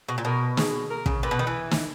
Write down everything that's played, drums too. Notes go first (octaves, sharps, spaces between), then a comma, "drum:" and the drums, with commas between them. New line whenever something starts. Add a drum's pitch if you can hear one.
B2
A#2
B2 A#4
G#4, drum: snare
A#4
C#3, drum: kick
A#2 B4
B2
D#3
E3
drum: snare